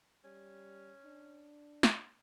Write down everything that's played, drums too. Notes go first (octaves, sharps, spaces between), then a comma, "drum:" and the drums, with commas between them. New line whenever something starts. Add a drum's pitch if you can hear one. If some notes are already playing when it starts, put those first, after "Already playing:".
G3 C#4
D4
drum: snare